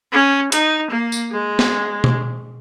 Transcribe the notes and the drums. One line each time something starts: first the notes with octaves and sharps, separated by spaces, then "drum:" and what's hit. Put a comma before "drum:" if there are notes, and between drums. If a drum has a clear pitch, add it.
C#4
D#4, drum: hi-hat
A#3
drum: tambourine
G#3
drum: snare
drum: tom B2